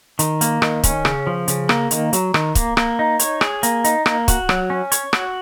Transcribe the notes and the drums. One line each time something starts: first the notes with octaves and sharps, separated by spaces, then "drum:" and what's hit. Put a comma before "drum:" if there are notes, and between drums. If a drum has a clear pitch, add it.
D#3, drum: hi-hat
A#3, drum: hi-hat
D#3, drum: rim click
C#4, drum: kick, hi-hat
C#3, drum: rim click
F3
C#3, drum: hi-hat
A#3, drum: rim click
D#3, drum: hi-hat
F#3, drum: hi-hat
D#3, drum: rim click
A#3, drum: kick, hi-hat
A#3, drum: rim click
D#4
C#5, drum: hi-hat
G#4, drum: rim click
A#3, drum: hi-hat
D#4, drum: hi-hat
A#3, drum: rim click
F#4, drum: kick, hi-hat
F#3, drum: rim click
C#4
C#5, drum: hi-hat
F#4, drum: rim click